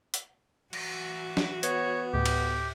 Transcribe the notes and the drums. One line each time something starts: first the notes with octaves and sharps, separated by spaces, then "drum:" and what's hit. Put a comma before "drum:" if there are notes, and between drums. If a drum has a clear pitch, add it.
drum: hi-hat
E3 F#4, drum: cymbal
drum: snare
B3 C#5, drum: hi-hat
D2 A2 G4
drum: cymbal